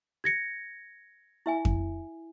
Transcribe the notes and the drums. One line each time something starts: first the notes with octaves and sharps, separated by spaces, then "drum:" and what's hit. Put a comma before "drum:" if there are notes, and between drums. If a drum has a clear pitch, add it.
G#6 A#6 C#7
E4 E5 G#5
drum: kick F2